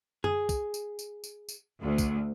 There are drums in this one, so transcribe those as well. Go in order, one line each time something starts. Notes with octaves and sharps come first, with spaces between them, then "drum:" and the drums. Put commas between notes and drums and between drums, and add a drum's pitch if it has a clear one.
G#4, drum: tom F#2
drum: kick, tambourine
drum: tambourine
drum: tambourine
drum: tambourine
drum: tambourine
D2
drum: kick, tambourine